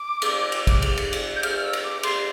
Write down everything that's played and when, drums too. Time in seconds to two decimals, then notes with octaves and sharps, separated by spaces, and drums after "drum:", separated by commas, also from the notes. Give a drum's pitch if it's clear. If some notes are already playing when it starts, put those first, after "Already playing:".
Already playing: D6
0.22 drum: cymbal
0.52 drum: cymbal
0.67 drum: kick, cymbal
0.82 drum: cymbal
0.97 drum: cymbal
1.13 drum: cymbal
1.36 G6
1.43 F6, drum: cymbal
1.63 E6
1.73 drum: cymbal
1.84 D6
2.03 C6, drum: cymbal